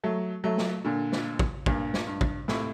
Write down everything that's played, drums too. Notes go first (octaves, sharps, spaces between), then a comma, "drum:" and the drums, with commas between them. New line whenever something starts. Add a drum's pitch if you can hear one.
F#3 A3
F#3 A3
drum: snare
A#2 D3
drum: snare
drum: kick
G2 A#2, drum: kick
drum: snare
G2
drum: kick
A2 C3, drum: snare